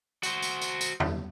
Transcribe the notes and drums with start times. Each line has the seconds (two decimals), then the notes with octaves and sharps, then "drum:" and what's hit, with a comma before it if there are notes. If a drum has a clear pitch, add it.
0.23 F#4 C5, drum: tambourine
0.42 drum: tambourine
0.62 drum: tambourine
0.81 drum: tambourine
1.00 drum: tom E2